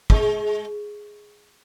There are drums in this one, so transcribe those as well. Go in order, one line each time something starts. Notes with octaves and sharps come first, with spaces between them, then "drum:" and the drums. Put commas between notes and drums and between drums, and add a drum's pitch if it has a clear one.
G#3, drum: kick